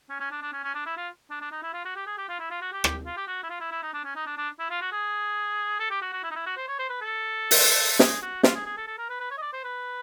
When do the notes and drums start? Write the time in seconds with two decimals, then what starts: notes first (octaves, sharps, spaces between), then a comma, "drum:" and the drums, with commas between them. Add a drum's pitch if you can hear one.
0.09 C#4
0.20 C#4
0.31 D4
0.42 D4
0.53 C#4
0.64 C#4
0.74 D4
0.86 E4
0.97 F4
1.30 D4
1.41 D4
1.51 D#4
1.62 E4
1.73 F4
1.85 F#4
1.96 G4
2.06 G#4
2.18 G4
2.29 F4
2.39 E4
2.50 F4
2.61 F#4
2.72 G4
2.84 G4, drum: rim click
3.05 F4
3.17 G4
3.27 F#4
3.43 E4
3.50 F4
3.60 E4
3.71 E4
3.82 D#4
3.93 D4
4.04 C#4
4.15 D#4
4.26 D4
4.37 D4
4.59 E4
4.70 F4
4.81 F#4
4.92 G#4
5.80 A4
5.91 G4
6.02 F#4
6.13 F#4
6.23 E4
6.31 D#4
6.35 E4
6.46 F#4
6.57 C5
6.68 C#5
6.79 C5
6.89 B4
7.01 A4
7.51 drum: open hi-hat
7.92 A4
7.99 G#4, drum: snare
8.22 F#4
8.43 F4, drum: snare
8.55 G#4
8.66 G#4
8.77 A4
8.87 A4
8.98 A#4
9.09 B4
9.20 B4
9.31 C#5
9.38 D#5
9.42 D5
9.53 C5
9.64 B4